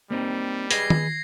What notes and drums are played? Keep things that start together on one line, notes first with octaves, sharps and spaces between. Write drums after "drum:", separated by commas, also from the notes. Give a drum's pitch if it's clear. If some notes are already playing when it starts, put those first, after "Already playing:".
G3 A#3 C4 D#4
G#4 B4 D#5 G#6 A#6 C7, drum: hi-hat
drum: tom D#3